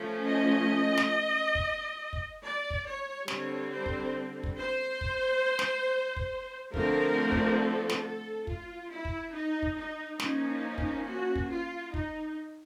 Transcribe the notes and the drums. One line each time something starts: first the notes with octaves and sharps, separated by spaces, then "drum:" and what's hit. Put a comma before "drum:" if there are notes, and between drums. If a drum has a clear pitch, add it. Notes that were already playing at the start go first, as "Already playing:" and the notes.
Already playing: F3 A3 C#4
D#5
drum: snare
drum: kick
drum: kick
D5
drum: kick
C#5
D3 G3 C4 C#5, drum: snare
C5
drum: kick
drum: kick
C5
drum: kick
drum: snare
drum: kick
D3 F3 A3 C4 A#4, drum: kick
drum: kick
A4
drum: snare
A4
F4, drum: kick
E4
drum: kick
D#4
drum: kick
D#4
F3 A#3 C#4 D#4, drum: snare
drum: kick
F#4
drum: kick
F4
D#4, drum: kick